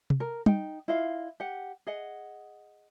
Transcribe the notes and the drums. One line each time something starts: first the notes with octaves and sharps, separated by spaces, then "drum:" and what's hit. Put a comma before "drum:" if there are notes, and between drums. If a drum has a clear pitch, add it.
drum: tom
A#4
D#4 G5, drum: tom
E4 F4 D#5 F5
G4 F#5
G#4 D#5 F#5